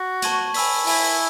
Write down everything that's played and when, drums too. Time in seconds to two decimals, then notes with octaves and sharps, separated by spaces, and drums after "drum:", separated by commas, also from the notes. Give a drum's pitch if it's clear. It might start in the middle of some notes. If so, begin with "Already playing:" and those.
Already playing: F#4
0.22 A5 C#6 G#6 D#7 F#7, drum: hi-hat
0.54 G#5 B5 E6 B6, drum: open hi-hat
0.87 E4 G#5 B5 E6 B6, drum: open hi-hat